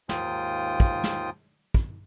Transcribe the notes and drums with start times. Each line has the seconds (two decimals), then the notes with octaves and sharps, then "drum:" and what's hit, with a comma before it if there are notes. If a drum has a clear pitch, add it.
0.09 D#2 G#2 F4 G5 D#6, drum: snare
0.80 drum: kick
1.04 drum: snare
1.74 drum: kick